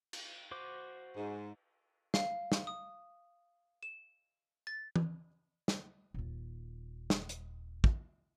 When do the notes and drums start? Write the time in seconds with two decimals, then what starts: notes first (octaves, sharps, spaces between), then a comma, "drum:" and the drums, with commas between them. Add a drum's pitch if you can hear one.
0.13 drum: cymbal
0.51 F#4 C5 D6
1.15 G#2
2.14 F5, drum: snare
2.52 drum: snare
2.67 D#6
3.83 E7
4.67 A6
4.96 drum: tom
5.68 drum: snare
6.14 D#1 F4
7.10 drum: snare
7.29 drum: hi-hat
7.84 drum: kick